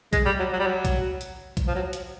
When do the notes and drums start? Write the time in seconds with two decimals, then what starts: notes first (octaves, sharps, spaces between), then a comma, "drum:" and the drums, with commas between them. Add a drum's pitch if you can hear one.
0.13 G#3, drum: kick, hi-hat
0.26 G3
0.39 F#3
0.53 F#3
0.60 G3
0.67 F#3
0.85 drum: kick, hi-hat
1.21 drum: hi-hat
1.57 drum: kick, hi-hat
1.67 F3
1.75 F#3
1.93 drum: hi-hat